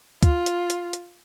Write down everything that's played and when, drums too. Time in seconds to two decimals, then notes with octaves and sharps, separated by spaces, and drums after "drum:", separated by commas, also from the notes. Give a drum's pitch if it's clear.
0.23 F4, drum: kick, hi-hat
0.46 drum: hi-hat
0.70 drum: hi-hat
0.93 drum: hi-hat